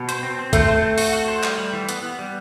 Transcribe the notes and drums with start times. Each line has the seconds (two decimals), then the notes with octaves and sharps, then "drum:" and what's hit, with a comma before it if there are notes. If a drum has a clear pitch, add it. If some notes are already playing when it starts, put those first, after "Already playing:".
Already playing: B2
0.09 C5, drum: hi-hat
0.23 C4
0.39 C4
0.53 A3 C5, drum: kick C2, hi-hat
0.68 C5
0.83 C4
0.98 F#4, drum: open hi-hat
1.13 F#4
1.28 C5
1.44 G3, drum: clap
1.58 G3
1.73 E3
1.89 B3, drum: hi-hat
2.03 B3
2.19 G3